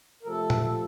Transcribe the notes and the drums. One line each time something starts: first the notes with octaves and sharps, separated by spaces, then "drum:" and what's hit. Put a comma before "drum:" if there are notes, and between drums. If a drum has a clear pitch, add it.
A#4
C3 F3 A3 A4
drum: tom A#2
A4